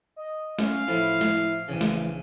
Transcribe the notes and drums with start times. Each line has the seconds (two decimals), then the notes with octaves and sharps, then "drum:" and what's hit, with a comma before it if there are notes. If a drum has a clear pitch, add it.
0.16 D#5
0.59 C#4 F5, drum: snare
0.88 A2 F3 E4
1.21 drum: snare
1.68 A#1 C#3 E3
1.81 drum: snare